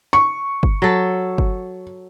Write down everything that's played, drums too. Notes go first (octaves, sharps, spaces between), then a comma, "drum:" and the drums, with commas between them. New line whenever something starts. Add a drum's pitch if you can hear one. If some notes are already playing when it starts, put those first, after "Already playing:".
C#6
drum: kick G1
F#3 A4
drum: kick G1